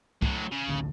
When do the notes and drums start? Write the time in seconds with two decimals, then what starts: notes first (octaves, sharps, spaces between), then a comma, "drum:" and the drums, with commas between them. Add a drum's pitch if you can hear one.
0.22 A2 F#3, drum: kick
0.52 C#3
0.68 A1 D2 D3